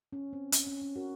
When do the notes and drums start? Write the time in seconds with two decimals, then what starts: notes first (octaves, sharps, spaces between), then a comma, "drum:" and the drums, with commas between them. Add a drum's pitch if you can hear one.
0.13 C#4
0.33 C4
0.52 C#4, drum: hi-hat
0.67 C#4
0.82 C#4
0.96 F#4 A#4